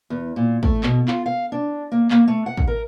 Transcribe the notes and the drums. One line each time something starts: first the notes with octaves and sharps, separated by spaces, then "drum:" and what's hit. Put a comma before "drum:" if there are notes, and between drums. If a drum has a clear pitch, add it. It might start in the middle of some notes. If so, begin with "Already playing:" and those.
E2
A#2
A3, drum: kick
B2, drum: clap
F4, drum: clap
F5
D4
A#3
A#3, drum: clap
A3
F#5
drum: kick
A#4